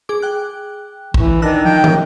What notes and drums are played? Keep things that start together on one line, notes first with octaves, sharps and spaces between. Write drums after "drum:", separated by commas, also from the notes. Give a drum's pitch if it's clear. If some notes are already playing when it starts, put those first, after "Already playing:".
G#4 D6
G5 F#6
E3, drum: kick
D#3 D4 E6 F#6 A#6
F3 G5
drum: tom